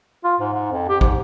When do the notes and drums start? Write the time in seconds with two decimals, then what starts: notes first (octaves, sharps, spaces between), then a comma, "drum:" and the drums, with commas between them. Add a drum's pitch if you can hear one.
0.24 F4
0.40 G#2
0.53 G#2
0.72 F2
0.89 G4
1.01 G#2, drum: kick